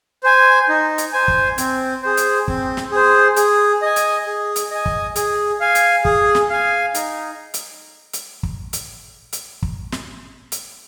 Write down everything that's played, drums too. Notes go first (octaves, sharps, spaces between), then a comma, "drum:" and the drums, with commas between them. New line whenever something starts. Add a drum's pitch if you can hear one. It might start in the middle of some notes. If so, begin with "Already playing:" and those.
C5 G#5
D#4
drum: hi-hat
C5 G#5
drum: kick
C4, drum: hi-hat
G#4 C5
drum: hi-hat
C4, drum: kick
drum: snare
G#4 C5
G#4, drum: hi-hat
D#5 G#5
drum: hi-hat
G#4
drum: hi-hat
D#5 G#5
drum: kick
G#4, drum: hi-hat
F5 G#5
drum: hi-hat
G#4, drum: kick
drum: snare
F5 G#5
D#4, drum: hi-hat
drum: hi-hat
drum: hi-hat
drum: kick
drum: hi-hat
drum: hi-hat
drum: kick
drum: snare
drum: hi-hat